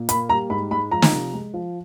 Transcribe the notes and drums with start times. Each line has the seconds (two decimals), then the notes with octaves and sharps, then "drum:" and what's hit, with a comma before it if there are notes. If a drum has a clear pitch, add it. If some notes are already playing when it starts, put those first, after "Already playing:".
Already playing: A#2
0.09 A#3 B5, drum: hi-hat
0.29 G3 A#5
0.50 G#2 B5
0.71 G#3 B5
0.91 F3 A#5
1.02 drum: snare
1.12 C3
1.33 G#3
1.54 F3